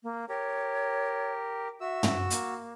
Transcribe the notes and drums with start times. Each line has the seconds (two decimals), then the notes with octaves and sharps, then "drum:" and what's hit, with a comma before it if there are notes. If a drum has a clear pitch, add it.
0.03 A#3
0.29 G4 A#4 C#5
1.81 F#4 E5 E6
2.03 drum: tom
2.30 A#3, drum: hi-hat